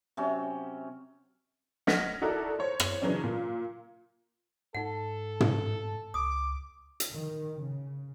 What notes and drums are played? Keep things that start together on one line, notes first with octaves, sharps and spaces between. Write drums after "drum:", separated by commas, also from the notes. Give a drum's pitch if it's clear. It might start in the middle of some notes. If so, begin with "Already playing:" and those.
C3 F#3 C#4
D#5 F#5 F6 G#6 A#6 B6, drum: snare
D#4 E4 F#4 A4 A#4 D5
C5 C#5
drum: rim click
C#3 E3 F#3 C#4 D4
A#2
G#2 D#4 A4 F#5
drum: tom
C#2 D6 D#6
drum: hi-hat
D#3
C#3